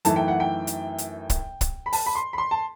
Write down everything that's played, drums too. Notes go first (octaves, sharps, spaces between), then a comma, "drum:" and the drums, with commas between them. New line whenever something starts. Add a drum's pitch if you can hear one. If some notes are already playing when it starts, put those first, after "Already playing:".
F#2 E3 A3 D#4 A5, drum: hi-hat
G5
F#5
G5
drum: hi-hat
drum: hi-hat
drum: kick, hi-hat
drum: kick, hi-hat
B5
A5, drum: open hi-hat
B5
C6
B5
C6
A5